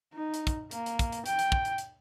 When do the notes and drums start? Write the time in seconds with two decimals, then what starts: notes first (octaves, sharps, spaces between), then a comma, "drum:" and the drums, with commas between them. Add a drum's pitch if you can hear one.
0.14 D#4
0.34 drum: hi-hat
0.47 drum: kick, hi-hat
0.71 A#3, drum: hi-hat
0.86 drum: hi-hat
0.99 drum: kick, hi-hat
1.12 drum: hi-hat
1.26 G5, drum: hi-hat
1.39 drum: hi-hat
1.52 drum: kick
1.65 drum: hi-hat
1.78 drum: hi-hat